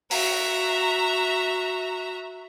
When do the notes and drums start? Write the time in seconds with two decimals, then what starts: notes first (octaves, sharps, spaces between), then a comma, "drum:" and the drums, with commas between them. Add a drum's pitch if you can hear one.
0.11 F#4 E5 A#5, drum: open hi-hat